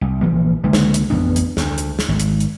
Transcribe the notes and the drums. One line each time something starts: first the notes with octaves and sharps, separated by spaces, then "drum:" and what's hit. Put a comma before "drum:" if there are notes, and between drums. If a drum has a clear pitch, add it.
C2
A#1 E3 F3 A#3
C#2 D3 G#3 A#3
drum: snare
drum: hi-hat
A1 F2 B3 D4
drum: hi-hat
D2, drum: snare
drum: hi-hat
drum: snare
G#1
drum: hi-hat
drum: hi-hat